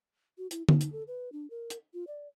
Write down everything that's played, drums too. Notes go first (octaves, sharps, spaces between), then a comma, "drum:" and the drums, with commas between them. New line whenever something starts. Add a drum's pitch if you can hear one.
F#4
E4, drum: hi-hat
D#4, drum: tom D3
drum: hi-hat
A4
B4
D4
A#4
drum: hi-hat
F4
D5